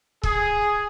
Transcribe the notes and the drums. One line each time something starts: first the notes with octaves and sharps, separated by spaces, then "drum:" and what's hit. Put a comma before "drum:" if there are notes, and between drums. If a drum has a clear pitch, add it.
G#4, drum: kick